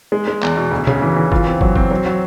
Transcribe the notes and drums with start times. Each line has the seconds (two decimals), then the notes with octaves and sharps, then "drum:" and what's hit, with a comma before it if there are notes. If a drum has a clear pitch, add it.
0.12 G#3
0.28 G#3
0.43 E2, drum: clap
0.57 B2
0.71 D2
0.87 C#3, drum: tom A#2
1.02 E3
1.16 E3
1.32 F4, drum: kick
1.47 C4
1.61 F#3, drum: kick
1.76 C4, drum: kick
1.91 F#3
2.06 F#3